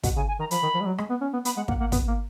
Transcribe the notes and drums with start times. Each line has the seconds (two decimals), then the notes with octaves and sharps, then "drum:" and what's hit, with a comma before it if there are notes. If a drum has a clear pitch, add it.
0.04 B2 F#5, drum: kick, hi-hat
0.16 C#3 G#5
0.28 G#5
0.39 D#3 A#5
0.51 F3 B5, drum: hi-hat
0.63 D#3
0.75 F3
0.81 G#3
0.86 F#3
0.98 G#3, drum: rim click
1.10 B3
1.21 C#4
1.33 B3
1.45 B3 B5, drum: hi-hat
1.56 G#3 F#5
1.68 A#3 F#5, drum: kick
1.80 A#3 F#5
1.92 B3, drum: kick, hi-hat
2.08 A#3